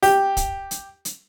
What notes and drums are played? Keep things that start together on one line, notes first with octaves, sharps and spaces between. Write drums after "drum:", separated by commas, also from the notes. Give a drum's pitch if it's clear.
G4, drum: open hi-hat
drum: kick, hi-hat
drum: hi-hat
drum: hi-hat